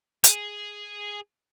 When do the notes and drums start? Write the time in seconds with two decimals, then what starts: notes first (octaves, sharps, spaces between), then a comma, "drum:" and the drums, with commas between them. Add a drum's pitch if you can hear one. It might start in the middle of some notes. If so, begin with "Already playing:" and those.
0.24 G#4, drum: hi-hat